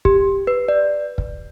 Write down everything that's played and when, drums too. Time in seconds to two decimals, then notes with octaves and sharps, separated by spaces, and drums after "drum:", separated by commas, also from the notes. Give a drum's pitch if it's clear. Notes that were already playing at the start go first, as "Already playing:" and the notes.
0.05 G4, drum: kick
0.47 B4
0.68 D5
1.18 drum: kick